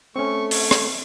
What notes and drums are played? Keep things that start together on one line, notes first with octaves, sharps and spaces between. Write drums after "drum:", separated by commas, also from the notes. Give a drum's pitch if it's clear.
A3 C4 C#4 C#6
C#5, drum: open hi-hat
drum: rim click